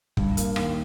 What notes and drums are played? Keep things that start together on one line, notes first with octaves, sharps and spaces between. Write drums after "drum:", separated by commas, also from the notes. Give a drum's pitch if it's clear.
G2, drum: kick
A#3, drum: hi-hat
D#2, drum: rim click